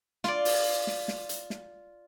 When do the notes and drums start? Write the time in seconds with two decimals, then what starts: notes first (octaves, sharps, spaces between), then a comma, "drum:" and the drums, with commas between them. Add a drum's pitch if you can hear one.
0.24 F4 D5, drum: snare
0.45 drum: open hi-hat
0.87 drum: snare
1.08 drum: snare
1.29 drum: hi-hat
1.50 drum: snare